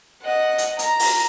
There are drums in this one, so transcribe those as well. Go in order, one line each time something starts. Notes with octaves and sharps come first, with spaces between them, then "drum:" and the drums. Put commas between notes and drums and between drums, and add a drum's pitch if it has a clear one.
D#5 F#5
drum: hi-hat
A#5, drum: hi-hat
drum: open hi-hat